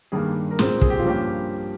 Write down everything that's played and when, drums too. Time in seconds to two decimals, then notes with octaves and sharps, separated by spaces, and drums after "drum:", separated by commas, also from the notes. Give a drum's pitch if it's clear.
0.12 G2 D#3 G3 A#3 G#4
0.51 A#4
0.59 A#2 G#3 C4 G#4, drum: snare
0.81 G#4, drum: kick
0.90 G4
0.99 F4
1.05 G2 F3 A#3 C#4 G4